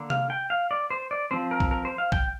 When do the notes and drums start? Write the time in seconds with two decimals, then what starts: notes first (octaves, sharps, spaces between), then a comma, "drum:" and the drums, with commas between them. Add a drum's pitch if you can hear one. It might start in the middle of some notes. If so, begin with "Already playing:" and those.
Already playing: D3 A#3
0.10 F5, drum: tom C3
0.30 G5
0.50 F5
0.71 D5
0.90 C5
1.11 D5
1.31 F3 C4 C5
1.51 A#4
1.60 drum: kick A#1
1.71 A#4
1.85 C5
1.98 F5
2.12 G5, drum: kick A#1